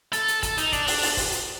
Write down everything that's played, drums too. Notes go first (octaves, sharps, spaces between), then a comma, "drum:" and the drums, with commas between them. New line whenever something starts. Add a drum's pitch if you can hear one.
A4, drum: hi-hat
drum: hi-hat
A4, drum: kick, hi-hat
D#4, drum: hi-hat
D4, drum: kick, hi-hat
D4, drum: open hi-hat
drum: open hi-hat
drum: kick, open hi-hat
drum: hi-hat